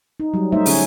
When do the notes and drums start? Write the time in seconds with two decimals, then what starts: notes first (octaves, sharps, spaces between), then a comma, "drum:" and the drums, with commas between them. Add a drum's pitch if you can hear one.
0.20 D#4
0.34 F#3 G3
0.52 G3 A3 D#4 C5 E5
0.66 D3 C#4 G#4 C#5, drum: open hi-hat